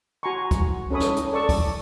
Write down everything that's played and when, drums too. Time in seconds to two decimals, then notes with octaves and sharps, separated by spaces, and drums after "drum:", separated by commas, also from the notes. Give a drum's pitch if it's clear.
0.23 F#4 G#5 A#5 C6 C#6
0.51 drum: kick, hi-hat
0.91 C#4 A4 C#5 B5 D#6
1.00 drum: snare
1.16 drum: hi-hat
1.33 A4 D5 C#6 E6
1.49 drum: kick, open hi-hat